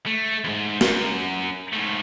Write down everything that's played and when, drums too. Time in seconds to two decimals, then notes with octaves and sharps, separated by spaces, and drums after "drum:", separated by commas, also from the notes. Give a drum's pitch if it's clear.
0.07 A3
0.44 E2 G#2
0.81 F#2, drum: snare
1.73 G#2 A3